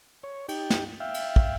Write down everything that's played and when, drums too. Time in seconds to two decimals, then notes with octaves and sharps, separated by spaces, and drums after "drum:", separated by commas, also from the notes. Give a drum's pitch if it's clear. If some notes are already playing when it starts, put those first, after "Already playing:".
0.23 C#5
0.48 D#4 G4 G5, drum: cymbal
0.70 drum: snare
1.00 E5 F5 G5
1.14 drum: cymbal
1.36 drum: kick